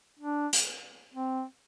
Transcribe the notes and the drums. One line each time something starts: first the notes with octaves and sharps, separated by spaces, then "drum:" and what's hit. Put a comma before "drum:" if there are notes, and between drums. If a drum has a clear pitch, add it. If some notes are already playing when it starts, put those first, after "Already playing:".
D4
drum: hi-hat
C4